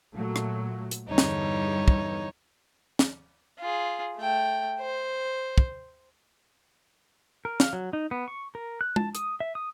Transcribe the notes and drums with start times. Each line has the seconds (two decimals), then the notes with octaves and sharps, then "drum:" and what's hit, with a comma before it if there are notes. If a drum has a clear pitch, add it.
0.15 A#2 F#3 A3
0.36 drum: rim click
0.91 drum: hi-hat
1.08 E2 G2 D3 G3 D#4 C#5
1.18 drum: snare
1.88 drum: kick
2.99 drum: snare
3.59 F4 G#4
4.18 A3 G5
4.81 C5
5.58 drum: kick
7.45 A#4
7.60 F5, drum: snare
7.73 F#3
7.93 D#4
8.11 B3
8.28 C#6
8.55 A#4
8.81 F#6
8.96 A5, drum: tom G#3
9.15 D#6, drum: hi-hat
9.40 E5
9.55 D#6